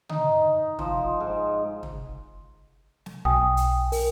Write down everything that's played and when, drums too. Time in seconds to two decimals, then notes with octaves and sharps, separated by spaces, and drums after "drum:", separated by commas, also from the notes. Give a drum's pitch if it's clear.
0.09 D#4, drum: tom
0.79 F3, drum: tom
1.20 G#2
1.83 drum: tom
3.06 drum: snare
3.25 B1 G5 G#5 D#6
3.57 drum: hi-hat
3.92 A#4, drum: open hi-hat